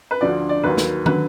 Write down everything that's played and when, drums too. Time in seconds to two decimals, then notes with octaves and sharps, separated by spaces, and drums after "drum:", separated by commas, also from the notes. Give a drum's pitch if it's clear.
0.11 B4
0.21 D2 D3 F3 D5
0.49 D5
0.63 D#2 D#3 F#3 B4
0.78 drum: snare
1.06 D3 F#3 B4, drum: tom